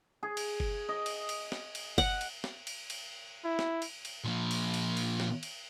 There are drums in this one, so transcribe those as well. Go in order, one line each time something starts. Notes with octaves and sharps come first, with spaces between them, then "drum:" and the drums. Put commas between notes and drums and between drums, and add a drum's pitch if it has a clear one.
G#4
drum: cymbal
drum: kick F#1
D#5
drum: cymbal
drum: cymbal
drum: snare
drum: cymbal
F#5, drum: kick F#1, cymbal
drum: cymbal
drum: snare
drum: cymbal
drum: cymbal
E4
drum: snare
drum: cymbal
drum: cymbal
A#2 F3
drum: cymbal
drum: cymbal
drum: cymbal
drum: snare
drum: cymbal